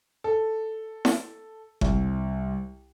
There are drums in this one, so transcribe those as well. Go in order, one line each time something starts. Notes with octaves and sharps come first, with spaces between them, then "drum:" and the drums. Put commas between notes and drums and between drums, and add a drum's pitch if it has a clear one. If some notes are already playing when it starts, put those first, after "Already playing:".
A4
drum: snare E4
C2, drum: kick G1